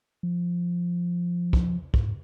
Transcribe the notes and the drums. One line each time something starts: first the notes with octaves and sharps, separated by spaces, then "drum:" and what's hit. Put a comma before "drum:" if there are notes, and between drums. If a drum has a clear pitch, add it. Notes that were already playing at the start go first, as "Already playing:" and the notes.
F3
drum: kick
G#2, drum: kick